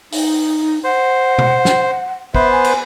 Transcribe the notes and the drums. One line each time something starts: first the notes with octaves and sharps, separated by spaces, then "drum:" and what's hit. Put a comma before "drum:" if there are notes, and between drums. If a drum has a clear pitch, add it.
D#4, drum: open hi-hat
C5 F#5
drum: tom B2
drum: snare
B3 B4 C5 E5, drum: kick
G#5
drum: cymbal